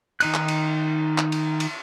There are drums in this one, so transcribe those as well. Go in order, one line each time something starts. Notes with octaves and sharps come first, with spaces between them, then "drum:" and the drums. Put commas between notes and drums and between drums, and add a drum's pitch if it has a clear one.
D#3 D#4 F#6, drum: cymbal
drum: clap
drum: cymbal
drum: clap
drum: cymbal
drum: cymbal